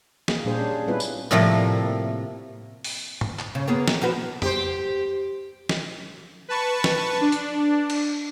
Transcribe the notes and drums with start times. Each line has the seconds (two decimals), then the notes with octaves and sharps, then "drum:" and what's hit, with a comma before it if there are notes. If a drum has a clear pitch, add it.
0.28 A#3 G#4, drum: snare
0.45 A#2 G3 D4 G#4 C5
0.58 C#4
0.71 G#4
0.87 G3 B3 C4 E4 F4 B4
1.00 drum: tambourine
1.31 A2 C3 F3 G3 A3 A#3
2.84 drum: open hi-hat
3.21 drum: tom G2
3.39 drum: clap
3.55 C#3
3.68 A#3 B3 G#4
3.88 E2, drum: snare
4.02 F3 F#4 B4
4.42 G4 C5, drum: tom F2
5.69 drum: snare
6.48 B4 A5 C#6
6.84 drum: snare
7.21 D4
7.32 drum: hi-hat
7.90 drum: cymbal